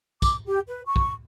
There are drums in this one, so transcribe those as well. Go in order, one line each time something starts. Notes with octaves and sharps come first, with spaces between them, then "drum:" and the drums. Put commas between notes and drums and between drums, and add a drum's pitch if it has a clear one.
D6, drum: kick, tambourine
G4
B4
C#6
drum: kick